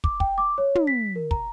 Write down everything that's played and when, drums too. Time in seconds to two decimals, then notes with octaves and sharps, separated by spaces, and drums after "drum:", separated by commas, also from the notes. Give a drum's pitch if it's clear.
0.04 D6, drum: kick
0.20 G5, drum: kick
0.38 D6
0.58 C#5
0.75 drum: tom
0.87 B6
1.16 A#4
1.31 A#5, drum: kick